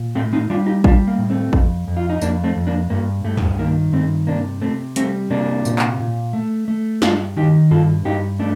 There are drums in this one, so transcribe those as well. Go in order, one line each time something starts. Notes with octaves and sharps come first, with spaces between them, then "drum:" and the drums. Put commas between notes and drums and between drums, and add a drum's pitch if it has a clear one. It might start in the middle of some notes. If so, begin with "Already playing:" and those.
Already playing: A#2
A2 A3 C4
C4 D#4
G3 D4 F4
D#4 G4
G3 D4 F4, drum: kick A1
A#3
A2
A3 C4
F2, drum: kick A1
F2
F4
D#4
F2 A#3 D4, drum: tambourine
A3 C4
F2
A#3 D4
G2 A#3
G2 A3
drum: tom
D#3 A#3
G2 A3 C4
C3 A#3 D4
C3 A3 C4
G3 A3 C4, drum: hi-hat
C3 A#3 D4
A#2, drum: tambourine
drum: clap
A#2
A3
A3
G2 D4 F4, drum: snare
D#3 D#4 G4
G2 F4 A4
G2 D#4 G4
A3 D4